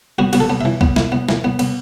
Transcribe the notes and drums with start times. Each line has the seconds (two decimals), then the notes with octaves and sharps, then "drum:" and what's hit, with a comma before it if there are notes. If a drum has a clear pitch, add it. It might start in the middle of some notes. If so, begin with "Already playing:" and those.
0.19 B3 F#4
0.33 B3 F#4, drum: cymbal
0.40 A4
0.50 B3
0.61 E3 E5
0.81 B3, drum: kick C2
0.96 E4, drum: snare
1.12 B3
1.29 E3, drum: snare
1.44 B3
1.59 B3, drum: cymbal